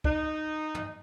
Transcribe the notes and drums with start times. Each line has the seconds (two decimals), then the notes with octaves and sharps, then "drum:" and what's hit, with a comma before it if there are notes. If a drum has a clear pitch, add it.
0.04 D#4, drum: kick
0.74 drum: tom